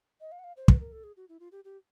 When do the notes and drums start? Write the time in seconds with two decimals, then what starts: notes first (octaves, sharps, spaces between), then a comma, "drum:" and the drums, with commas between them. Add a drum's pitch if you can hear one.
0.21 D#5
0.32 F5
0.39 F#5
0.44 F5
0.57 C5
0.68 B4, drum: kick
0.80 A#4
0.92 A4
1.04 G#4
1.17 F#4
1.29 E4
1.40 F4
1.52 G4
1.65 G4